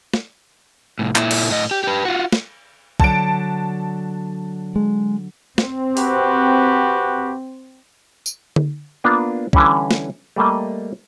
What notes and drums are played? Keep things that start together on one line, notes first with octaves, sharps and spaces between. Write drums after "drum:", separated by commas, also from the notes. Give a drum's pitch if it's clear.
drum: snare
C2 A2
A#2 E4, drum: clap
drum: cymbal
A2 D#5
G4
G4 B4
F4 F#4
drum: snare
D3 F#3 A5 D7, drum: kick
G#3
C4, drum: snare
F#4 G4 B4, drum: open hi-hat
drum: tambourine
drum: tom D3
A#3 B3 D4 F4
D3 E3 G3 C#4, drum: kick
drum: snare
G3 A3 A#3 D#5